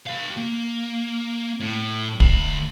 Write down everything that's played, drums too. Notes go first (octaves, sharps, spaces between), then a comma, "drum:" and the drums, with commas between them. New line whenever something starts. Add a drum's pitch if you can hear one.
G4 F5
A#3
A2
D2 B5, drum: kick